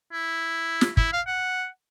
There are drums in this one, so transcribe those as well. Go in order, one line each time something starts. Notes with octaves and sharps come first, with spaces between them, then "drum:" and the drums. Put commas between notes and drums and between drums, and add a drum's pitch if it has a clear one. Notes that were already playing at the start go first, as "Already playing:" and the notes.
E4
drum: snare
E4, drum: kick
F5
F#5